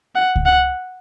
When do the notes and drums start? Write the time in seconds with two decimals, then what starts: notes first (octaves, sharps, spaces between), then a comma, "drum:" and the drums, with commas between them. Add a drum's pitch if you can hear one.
0.15 F#5
0.36 drum: kick C#2
0.46 F#5